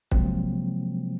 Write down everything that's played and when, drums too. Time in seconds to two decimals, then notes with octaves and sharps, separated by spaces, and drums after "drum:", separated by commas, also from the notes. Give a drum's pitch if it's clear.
0.11 C3 F3 F#3 G#3 A#3 C4, drum: kick